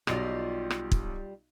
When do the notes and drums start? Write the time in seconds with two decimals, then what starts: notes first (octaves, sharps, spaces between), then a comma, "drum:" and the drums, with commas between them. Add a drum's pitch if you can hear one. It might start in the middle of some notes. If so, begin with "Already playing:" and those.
0.07 B1 G3 F4 D5 D#5, drum: rim click
0.70 drum: rim click
0.92 drum: kick